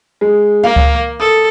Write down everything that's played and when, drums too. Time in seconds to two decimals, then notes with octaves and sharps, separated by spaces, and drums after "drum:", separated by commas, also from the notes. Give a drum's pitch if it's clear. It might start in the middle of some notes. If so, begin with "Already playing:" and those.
0.21 G#3
0.64 A#3 F5
0.76 drum: kick C#2
1.20 A4 D#6